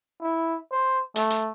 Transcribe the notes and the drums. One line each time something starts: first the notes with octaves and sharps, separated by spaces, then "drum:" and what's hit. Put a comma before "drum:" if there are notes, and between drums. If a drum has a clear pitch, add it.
E4
C5
A3, drum: hi-hat
drum: hi-hat